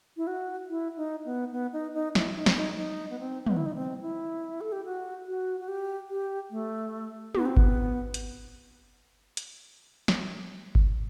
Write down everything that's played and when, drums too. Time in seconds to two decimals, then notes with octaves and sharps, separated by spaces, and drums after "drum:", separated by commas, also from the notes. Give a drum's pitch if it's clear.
0.17 E4
0.27 F#4
0.69 E4
0.97 D#4
1.25 B3
1.52 B3
1.73 D#4
1.94 D#4
2.15 E4, drum: snare
2.36 D#4
2.46 C4, drum: snare
2.57 D#4
2.77 D#4
3.10 B3
3.19 C4
3.46 B3, drum: tom
3.57 E4
3.66 D#4
3.75 C4
4.01 E4
4.61 A4
4.72 G4
4.85 F#4
5.27 F#4
5.60 F#4
5.68 G4
6.10 G4
6.51 A3
7.35 B3, drum: tom
7.45 C4
7.57 B3, drum: kick G1
8.14 drum: hi-hat
9.37 drum: hi-hat
10.08 drum: snare
10.75 drum: kick G1